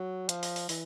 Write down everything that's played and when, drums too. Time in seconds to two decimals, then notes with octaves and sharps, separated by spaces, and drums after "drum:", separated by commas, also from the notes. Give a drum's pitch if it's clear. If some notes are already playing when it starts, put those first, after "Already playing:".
Already playing: F#3
0.29 F3, drum: hi-hat
0.43 drum: open hi-hat
0.56 drum: open hi-hat
0.69 E3, drum: open hi-hat